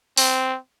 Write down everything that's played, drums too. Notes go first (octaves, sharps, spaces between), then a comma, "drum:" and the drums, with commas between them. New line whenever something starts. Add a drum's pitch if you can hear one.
C4, drum: open hi-hat